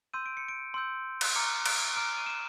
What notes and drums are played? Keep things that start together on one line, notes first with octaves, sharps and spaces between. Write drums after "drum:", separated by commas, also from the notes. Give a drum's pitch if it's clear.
C6 E6 G6 D#7
D7
C#7
D7
C6 E6 G6
drum: cymbal
A#5 D6 F6 C#7
D7, drum: cymbal
A#5 D6 F6 D7
D#7
E7